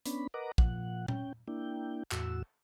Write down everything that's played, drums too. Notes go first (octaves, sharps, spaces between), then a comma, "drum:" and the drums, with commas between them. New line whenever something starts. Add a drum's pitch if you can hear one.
B3 C#4 D4 B5, drum: hi-hat
A#4 B4 D#5 F#5 A#5 D6
A#2 F3 F#5, drum: kick
C#4 G5, drum: tom A#2
A#3 D4 E4 G5
E2 A2 F#4 E6, drum: clap